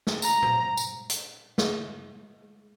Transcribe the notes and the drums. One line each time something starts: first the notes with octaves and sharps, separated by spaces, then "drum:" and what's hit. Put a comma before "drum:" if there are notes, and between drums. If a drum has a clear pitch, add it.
drum: snare
A#5, drum: tambourine
drum: tom
drum: tambourine
drum: hi-hat
drum: snare